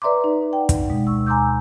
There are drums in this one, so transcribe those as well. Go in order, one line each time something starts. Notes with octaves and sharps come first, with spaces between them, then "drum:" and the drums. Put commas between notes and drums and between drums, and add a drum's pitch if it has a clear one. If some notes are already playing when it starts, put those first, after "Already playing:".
B4 D5 E5 A#5 C6 D6
D#4
F#5 G5
drum: kick, hi-hat
B2 G#3
D2 C#6 E6
G#5 A#5 C6 D6 E6 G6